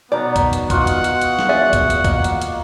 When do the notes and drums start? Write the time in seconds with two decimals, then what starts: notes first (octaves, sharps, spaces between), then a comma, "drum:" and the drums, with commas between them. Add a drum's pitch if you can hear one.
0.12 B2 D#3 B3 D5 A#5
0.36 drum: kick, hi-hat
0.53 drum: hi-hat
0.70 F4 F#4 D#5 F#5, drum: kick, hi-hat
0.87 drum: hi-hat
1.04 drum: hi-hat
1.21 drum: hi-hat
1.39 drum: snare
1.49 G#4 D5 E5
1.73 drum: kick, hi-hat
1.90 drum: hi-hat
2.04 A#3 D#5, drum: kick, hi-hat
2.24 drum: hi-hat
2.42 drum: hi-hat